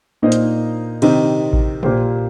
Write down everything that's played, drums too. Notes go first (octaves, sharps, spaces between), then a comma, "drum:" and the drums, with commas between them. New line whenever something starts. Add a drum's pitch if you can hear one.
A#2 A#3 D#4 C5 D#5
drum: hi-hat
C3 D#3 C4 D#4, drum: cymbal
drum: kick A1
A#2 A#3 G4 C5, drum: tom